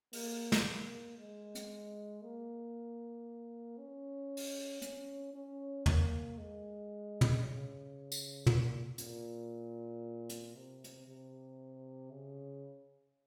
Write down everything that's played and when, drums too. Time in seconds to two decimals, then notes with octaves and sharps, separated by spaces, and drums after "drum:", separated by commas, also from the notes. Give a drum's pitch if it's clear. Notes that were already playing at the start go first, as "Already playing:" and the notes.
0.13 A#3, drum: open hi-hat
0.52 drum: snare
0.65 A#3
1.18 G#3
1.55 drum: hi-hat
2.22 A#3
3.78 C#4
4.37 drum: open hi-hat
4.82 C#4, drum: hi-hat
5.34 C#4
5.86 A#3, drum: tom
6.38 G#3
7.21 drum: tom
7.42 C#3
8.12 drum: tambourine
8.46 A#2, drum: tom
8.98 A#2, drum: hi-hat
10.30 drum: hi-hat
10.54 C3
10.84 drum: hi-hat
11.06 C3
12.10 C#3